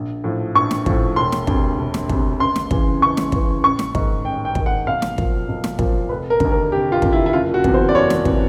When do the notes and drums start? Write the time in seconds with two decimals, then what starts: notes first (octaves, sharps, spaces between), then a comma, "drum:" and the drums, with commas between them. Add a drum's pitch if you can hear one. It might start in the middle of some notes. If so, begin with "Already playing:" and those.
Already playing: A#1
0.24 A2 F3
0.55 A#1 C#6
0.71 drum: snare
0.86 A2 F3, drum: kick
1.16 E1 C6
1.32 drum: snare
1.47 D2 C3, drum: kick
1.79 E1
1.94 drum: snare
2.09 D2 C3, drum: kick
2.40 C#2 C6
2.56 drum: snare
2.71 C#3 E3, drum: kick
3.01 C#2 C#6
3.17 drum: snare
3.32 C#3 E3, drum: kick
3.64 A1 C#6
3.79 drum: snare
3.95 G#2 D#3, drum: kick
4.25 A1 G5
4.45 G5
4.55 G#2 D#3, drum: kick
4.66 F#5
4.87 B1 F5
5.02 drum: snare
5.18 A#2 F3, drum: kick
5.49 B1
5.64 drum: snare
5.79 A#2 F3, drum: kick
6.09 F1 B4
6.30 A#4
6.40 D#2 D3, drum: kick
6.52 A#4
6.72 F1 G4
6.92 F4
7.02 D#2 D3, drum: kick
7.12 E4
7.26 E4
7.33 F#1 F4
7.54 F#4
7.64 E2 C3 E3, drum: kick
7.74 C5
7.89 D5
7.94 F#1 C#5
8.10 drum: snare
8.25 C3 E3, drum: kick